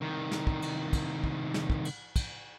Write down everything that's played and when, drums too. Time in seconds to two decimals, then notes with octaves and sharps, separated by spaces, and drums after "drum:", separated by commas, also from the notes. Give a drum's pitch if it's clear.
0.01 C2 D#3
0.32 drum: snare
0.47 drum: kick
0.62 drum: cymbal
0.93 drum: kick, cymbal
1.24 drum: kick
1.54 drum: snare
1.70 drum: kick
1.85 drum: cymbal
2.16 drum: kick, cymbal